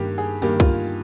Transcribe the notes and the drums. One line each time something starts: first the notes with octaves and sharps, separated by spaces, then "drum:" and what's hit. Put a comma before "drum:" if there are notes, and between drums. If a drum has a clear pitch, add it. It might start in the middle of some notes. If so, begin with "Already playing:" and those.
Already playing: G2 D#3 A#3 G4
G#4
G2 D#3 A#3 G4
F4, drum: kick C2